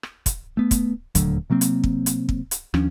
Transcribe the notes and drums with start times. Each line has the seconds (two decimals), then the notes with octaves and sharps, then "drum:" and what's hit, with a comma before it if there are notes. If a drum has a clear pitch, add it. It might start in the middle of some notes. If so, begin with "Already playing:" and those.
0.03 drum: rim click
0.26 drum: kick, hi-hat
0.57 A3 B3
0.71 drum: kick, hi-hat
1.15 D#1 D2 D3 F#3, drum: kick, hi-hat
1.50 C3 F#3 A#3 C4
1.61 drum: hi-hat
1.84 drum: kick
2.06 drum: hi-hat
2.29 drum: kick
2.51 drum: hi-hat
2.74 D#2 F3 C#4 D4, drum: rim click